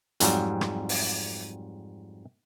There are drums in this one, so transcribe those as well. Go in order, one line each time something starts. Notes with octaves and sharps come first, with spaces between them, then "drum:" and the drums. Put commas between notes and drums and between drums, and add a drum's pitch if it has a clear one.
F2 G#2 F#3 G3, drum: hi-hat
drum: rim click
drum: open hi-hat